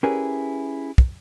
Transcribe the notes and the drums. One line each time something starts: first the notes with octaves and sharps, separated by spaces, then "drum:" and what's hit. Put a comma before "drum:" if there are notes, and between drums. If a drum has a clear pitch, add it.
C#4 E4 G4 G#4 A#4 B4
drum: kick